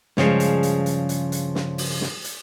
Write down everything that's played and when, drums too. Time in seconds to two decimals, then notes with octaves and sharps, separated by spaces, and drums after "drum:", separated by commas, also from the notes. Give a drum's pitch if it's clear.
0.17 G2 C#3 E3 F3 G#3, drum: snare
0.40 drum: hi-hat
0.63 drum: hi-hat
0.86 drum: hi-hat
1.09 drum: hi-hat
1.32 drum: hi-hat
1.55 drum: snare
1.78 drum: open hi-hat
2.01 drum: snare
2.24 drum: hi-hat